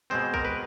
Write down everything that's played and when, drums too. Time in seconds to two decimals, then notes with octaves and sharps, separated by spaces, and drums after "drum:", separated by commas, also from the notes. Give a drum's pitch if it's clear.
0.10 B2 G#3 C4 C5
0.34 A#4, drum: kick A#1
0.45 B4